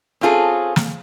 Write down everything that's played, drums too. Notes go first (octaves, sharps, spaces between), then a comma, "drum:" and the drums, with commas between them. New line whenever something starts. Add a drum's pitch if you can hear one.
C4 C#4 F4 G#4 A4
drum: snare